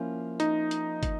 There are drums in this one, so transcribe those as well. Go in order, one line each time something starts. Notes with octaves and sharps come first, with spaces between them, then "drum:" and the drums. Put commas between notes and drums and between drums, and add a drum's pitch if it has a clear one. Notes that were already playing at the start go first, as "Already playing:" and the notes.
Already playing: F3 A#3 C#4 E4
D#4, drum: hi-hat
drum: hi-hat
drum: kick, hi-hat